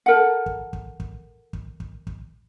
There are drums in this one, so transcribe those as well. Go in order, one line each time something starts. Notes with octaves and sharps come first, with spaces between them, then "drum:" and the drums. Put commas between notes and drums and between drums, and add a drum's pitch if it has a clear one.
A4 A#4 F#5
drum: kick
drum: kick
drum: kick
drum: kick
drum: kick
drum: kick